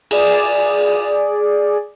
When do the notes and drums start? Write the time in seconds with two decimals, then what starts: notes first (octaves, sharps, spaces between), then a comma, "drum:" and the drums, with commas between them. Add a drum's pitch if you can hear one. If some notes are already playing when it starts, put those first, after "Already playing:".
0.11 G#4 D5, drum: cymbal